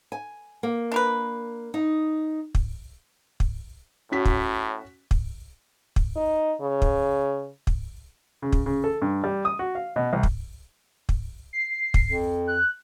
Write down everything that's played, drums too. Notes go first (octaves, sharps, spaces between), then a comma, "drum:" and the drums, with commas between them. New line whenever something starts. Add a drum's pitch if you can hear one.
G#5
A#3
D4 A#4 B4
D#4
drum: kick
drum: kick
A2 C#4 F#4 B6
drum: kick
drum: kick
drum: kick
D#4
C#3
drum: kick
drum: kick
C#3
drum: kick
C#3
A4
G2
G3
D#6
F#4
F5
B2
C2
drum: kick
drum: kick
C7
drum: kick
F2
F#6